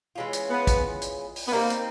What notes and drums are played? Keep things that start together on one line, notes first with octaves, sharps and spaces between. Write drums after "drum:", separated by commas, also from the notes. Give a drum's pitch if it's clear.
E3 G#3 C#4 F4
drum: hi-hat
B3
drum: kick, hi-hat
drum: hi-hat
drum: open hi-hat
B3
G3 A#3 C4 D#4
drum: hi-hat